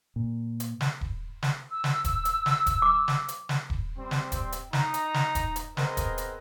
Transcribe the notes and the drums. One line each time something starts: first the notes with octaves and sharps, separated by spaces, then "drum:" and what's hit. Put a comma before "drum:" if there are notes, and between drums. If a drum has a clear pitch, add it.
A#2
drum: hi-hat
drum: snare
drum: kick D#1
drum: snare
E6
drum: snare
drum: kick D#1, hi-hat
drum: hi-hat
drum: snare
drum: kick D#1, hi-hat
D6
drum: snare
drum: hi-hat
drum: snare
drum: kick D#1
G3 C4
drum: snare
drum: kick D#1, hi-hat
drum: hi-hat
D#4 A#5, drum: snare
drum: hi-hat
drum: snare
drum: kick D#1, hi-hat
drum: hi-hat
B3 C4 G#4 A#4 C5 D#5, drum: snare
drum: kick D#1, hi-hat
drum: hi-hat